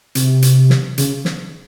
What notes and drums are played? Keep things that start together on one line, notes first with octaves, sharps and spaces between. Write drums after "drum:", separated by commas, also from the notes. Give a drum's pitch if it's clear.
C3, drum: hi-hat
drum: hi-hat
drum: snare
C#3, drum: hi-hat
drum: snare